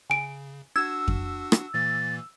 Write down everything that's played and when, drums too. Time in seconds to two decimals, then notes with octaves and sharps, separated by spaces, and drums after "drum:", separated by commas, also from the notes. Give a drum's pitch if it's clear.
0.10 C#3 G#5 D7
0.76 D4 F#4 F#5 E6 G#6
1.08 drum: kick F2
1.52 drum: rim click
1.74 A#2 E3 A#3 A6